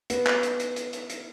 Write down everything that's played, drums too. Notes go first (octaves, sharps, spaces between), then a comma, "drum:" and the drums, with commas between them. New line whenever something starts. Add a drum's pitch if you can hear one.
B3, drum: hi-hat
drum: clap
drum: hi-hat
drum: hi-hat
drum: hi-hat
drum: hi-hat
drum: hi-hat